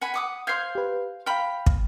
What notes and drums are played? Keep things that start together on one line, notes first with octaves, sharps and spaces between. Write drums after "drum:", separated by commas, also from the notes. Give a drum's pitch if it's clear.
F#5 G#5 B5
F#5 D6 D#6
C5 F5 G6 G#6 C7
G4 B4
F5 G5 B5 F6
drum: kick